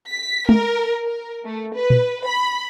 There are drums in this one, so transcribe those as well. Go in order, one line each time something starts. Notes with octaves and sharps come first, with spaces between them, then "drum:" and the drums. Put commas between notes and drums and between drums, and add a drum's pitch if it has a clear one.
B6
A#4, drum: tom G#3
A#4
A3
B4
drum: tom A#2
B5